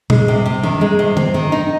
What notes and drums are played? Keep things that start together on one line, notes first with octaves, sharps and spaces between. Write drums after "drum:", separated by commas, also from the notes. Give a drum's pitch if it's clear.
G#3, drum: tom A#2
C3
C3
D#3, drum: tom
G#3
C3
C4, drum: tom D3
D#3
D#4